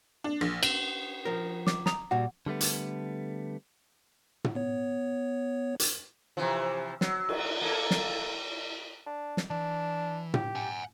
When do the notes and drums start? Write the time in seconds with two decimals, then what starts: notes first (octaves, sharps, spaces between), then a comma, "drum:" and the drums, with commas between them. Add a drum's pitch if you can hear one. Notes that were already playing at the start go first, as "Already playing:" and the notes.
0.24 D4
0.41 A#1
0.63 F#7, drum: cymbal
1.25 F3 A#4
1.67 D6, drum: snare
1.86 A#5 D#6 F7, drum: snare
2.11 A#2 G3 F#4 F#5
2.46 D3 G3 A3 B3
2.61 drum: hi-hat
4.44 drum: tom
4.55 B3 C#5
5.80 drum: hi-hat
6.37 C3 E3 F3
7.01 F#3, drum: snare
7.29 drum: cymbal
7.61 A#3 A4
7.91 drum: snare
9.07 D4
9.37 drum: snare
9.50 E3 D4
10.34 G4, drum: tom
10.55 F#5 G#5